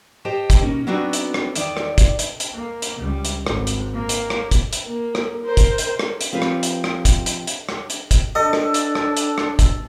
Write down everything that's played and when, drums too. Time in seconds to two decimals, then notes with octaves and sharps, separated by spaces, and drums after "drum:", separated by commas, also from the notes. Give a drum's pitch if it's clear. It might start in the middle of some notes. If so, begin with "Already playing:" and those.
0.25 G4 C5 D#5 G5 A5
0.50 drum: kick, hi-hat
0.62 B2 D#3 A#3 C#4
0.87 F#3 B3 C4 D4 D#4 F#4
1.13 drum: hi-hat
1.34 drum: rim click
1.55 E2 D#3 D5, drum: hi-hat
1.77 drum: rim click
1.98 drum: kick, hi-hat
2.19 drum: hi-hat
2.40 drum: hi-hat
2.52 A#3
2.82 drum: hi-hat
2.97 C#2 G3
3.25 drum: hi-hat
3.47 G#1, drum: rim click
3.67 drum: hi-hat
3.93 A#3
4.09 drum: hi-hat
4.30 drum: rim click
4.51 drum: kick, hi-hat
4.73 drum: hi-hat
4.85 A#3
5.15 drum: rim click
5.43 A#4 C5
5.57 drum: kick, hi-hat
5.78 drum: hi-hat
5.99 drum: rim click
6.21 drum: hi-hat
6.33 F3 C4 F4 G4 B4
6.42 drum: rim click
6.63 drum: hi-hat
6.84 drum: rim click
7.05 drum: kick, hi-hat
7.26 drum: hi-hat
7.47 drum: hi-hat
7.69 drum: rim click
7.90 drum: hi-hat
8.11 drum: kick, hi-hat
8.35 D4 A4 D#5
8.53 drum: rim click
8.74 drum: hi-hat
8.95 drum: rim click
9.17 drum: hi-hat
9.38 drum: rim click
9.59 drum: kick, hi-hat